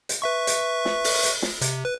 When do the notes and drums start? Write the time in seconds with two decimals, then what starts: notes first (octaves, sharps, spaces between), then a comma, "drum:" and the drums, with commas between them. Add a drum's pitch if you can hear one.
0.09 drum: hi-hat
0.22 B4 E5 C#6
0.47 drum: hi-hat
0.85 drum: snare
1.04 drum: open hi-hat
1.23 drum: hi-hat
1.42 drum: snare
1.61 C3, drum: hi-hat
1.85 B4